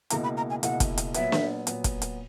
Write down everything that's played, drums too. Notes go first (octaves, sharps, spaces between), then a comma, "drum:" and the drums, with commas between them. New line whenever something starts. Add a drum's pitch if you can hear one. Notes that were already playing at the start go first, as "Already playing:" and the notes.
C#2 B2 A#3 E4 A#5, drum: hi-hat
B5
A#5
G#5
C#2 B2 A#3 E4 F#5, drum: hi-hat
drum: kick F1, hi-hat
drum: hi-hat
A#2 F#3 B3 E5, drum: hi-hat
drum: snare
A#2 F#3 B3, drum: hi-hat
drum: kick F1, hi-hat
drum: hi-hat